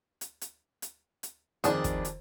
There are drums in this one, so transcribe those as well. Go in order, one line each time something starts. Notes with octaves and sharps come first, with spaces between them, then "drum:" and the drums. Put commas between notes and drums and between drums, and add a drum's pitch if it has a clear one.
drum: hi-hat
drum: hi-hat
drum: hi-hat
drum: hi-hat
F2 D#3 G3 D4 G#4, drum: hi-hat
drum: kick, hi-hat
drum: hi-hat